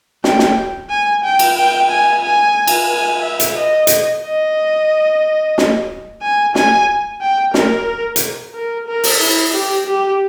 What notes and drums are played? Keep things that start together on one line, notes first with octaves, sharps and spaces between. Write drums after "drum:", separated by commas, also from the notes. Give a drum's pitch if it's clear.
G5, drum: snare
drum: snare
G#5
G5
drum: cymbal
G5
G#5
G#5
drum: cymbal
G#5
E5
drum: hi-hat
D#5
drum: hi-hat
D#5
drum: snare
G#5
G#5, drum: snare
G5
A#4, drum: snare
drum: hi-hat
A#4
A#4
drum: open hi-hat
E4
G4
G4